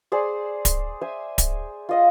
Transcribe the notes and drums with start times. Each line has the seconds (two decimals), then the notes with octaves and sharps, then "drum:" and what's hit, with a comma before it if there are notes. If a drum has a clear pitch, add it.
0.12 G#4 C5 D5
0.65 drum: kick D1, hi-hat
1.01 C5 E5 G#5
1.38 drum: kick D1, hi-hat
1.89 F4 D#5 F5